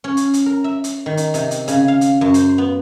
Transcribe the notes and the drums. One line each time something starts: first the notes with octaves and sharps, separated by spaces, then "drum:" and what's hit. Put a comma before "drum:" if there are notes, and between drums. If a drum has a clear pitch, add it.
C#4
drum: hi-hat
drum: hi-hat
A#4
E5
drum: hi-hat
D#3
drum: hi-hat
C3, drum: hi-hat
drum: hi-hat
C#3, drum: hi-hat
F5
drum: hi-hat
F#2
C5, drum: hi-hat
B3